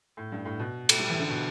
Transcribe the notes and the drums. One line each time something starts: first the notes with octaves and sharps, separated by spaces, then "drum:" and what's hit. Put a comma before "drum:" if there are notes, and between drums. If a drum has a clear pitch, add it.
A2
G2
A2
B2
A3, drum: cymbal
G3
E3
D3
B2